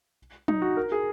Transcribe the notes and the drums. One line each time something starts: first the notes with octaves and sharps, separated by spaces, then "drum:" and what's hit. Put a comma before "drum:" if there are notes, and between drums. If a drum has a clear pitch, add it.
D#4, drum: tom
F#4
A#4
G#4